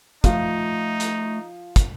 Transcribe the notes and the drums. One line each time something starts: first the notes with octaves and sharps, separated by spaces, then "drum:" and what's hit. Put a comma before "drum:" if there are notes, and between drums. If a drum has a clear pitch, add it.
F3 A3 D#4 F4, drum: kick, hi-hat
drum: hi-hat
drum: kick, hi-hat